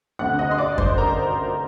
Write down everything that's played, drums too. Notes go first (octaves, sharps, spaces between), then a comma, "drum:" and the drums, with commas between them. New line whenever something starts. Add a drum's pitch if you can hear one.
D2 D3 A3 C4 F#5 F#6
D#5 D#6
C6
D5 D6
C5 C6, drum: kick F#2
A#4 A#5